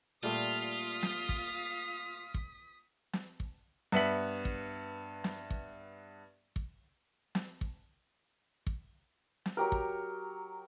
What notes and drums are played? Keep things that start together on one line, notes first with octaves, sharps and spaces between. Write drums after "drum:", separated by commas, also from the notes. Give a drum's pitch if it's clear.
A#2 G3 A3 F4 D#6 B6
drum: snare
drum: kick
drum: kick
drum: snare
drum: kick
G2 B3 E5 B6 F#7
drum: kick
drum: snare
drum: kick
drum: kick
drum: snare
drum: kick
drum: kick
drum: snare
F#3 G4 A#4
drum: kick